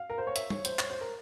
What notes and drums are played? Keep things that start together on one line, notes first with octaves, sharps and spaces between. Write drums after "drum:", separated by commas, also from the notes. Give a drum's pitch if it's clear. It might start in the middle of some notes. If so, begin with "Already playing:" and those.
Already playing: F5
A#4
C5
C#5
E5, drum: hi-hat
C#5, drum: tom
C5, drum: hi-hat
C#5, drum: clap
C5
A#4